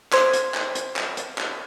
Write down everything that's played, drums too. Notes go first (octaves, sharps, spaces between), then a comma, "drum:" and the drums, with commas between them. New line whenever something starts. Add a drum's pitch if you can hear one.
C5 C6 G#6, drum: clap
drum: hi-hat
drum: clap
drum: hi-hat
drum: clap
drum: hi-hat
drum: clap